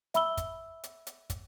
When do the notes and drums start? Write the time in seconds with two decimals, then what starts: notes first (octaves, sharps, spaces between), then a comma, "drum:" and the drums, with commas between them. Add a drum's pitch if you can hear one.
0.14 E5 B5 E6 G7, drum: hi-hat
0.37 drum: kick, hi-hat
0.84 drum: hi-hat
1.07 drum: hi-hat
1.30 drum: kick, hi-hat